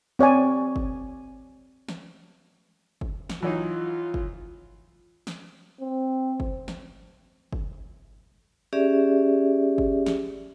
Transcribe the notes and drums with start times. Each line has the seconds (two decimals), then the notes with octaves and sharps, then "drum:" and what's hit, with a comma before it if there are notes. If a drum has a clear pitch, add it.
0.19 C4 C#5 D5 G#5
0.76 drum: kick
1.89 drum: snare
3.01 drum: kick
3.30 drum: snare
3.43 E3 F#3 D#4 F4
4.14 drum: kick
5.27 drum: snare
5.81 C4
6.40 drum: kick
6.68 drum: snare
7.53 drum: kick
8.73 C#4 G4 G#4 D5 E5
9.78 drum: kick
10.06 drum: snare